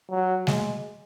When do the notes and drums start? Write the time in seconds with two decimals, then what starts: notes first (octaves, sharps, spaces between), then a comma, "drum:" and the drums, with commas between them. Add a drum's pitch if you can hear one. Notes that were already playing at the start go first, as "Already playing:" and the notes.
0.10 F#3
0.47 G#3, drum: snare G3